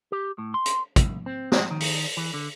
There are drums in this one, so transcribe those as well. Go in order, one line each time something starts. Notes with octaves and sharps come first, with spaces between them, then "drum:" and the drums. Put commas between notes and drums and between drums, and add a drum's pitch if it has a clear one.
G4
A2
C6
drum: hi-hat
C2, drum: kick, hi-hat
C4
G#3, drum: snare
D#3
drum: open hi-hat
E3
D3